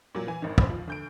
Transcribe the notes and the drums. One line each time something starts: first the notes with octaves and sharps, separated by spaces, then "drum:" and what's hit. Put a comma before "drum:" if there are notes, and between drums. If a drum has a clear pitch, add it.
A#2 F#3
E3 G#5
G#1 D#3
C5 B5, drum: kick
F3
D2 G6 D7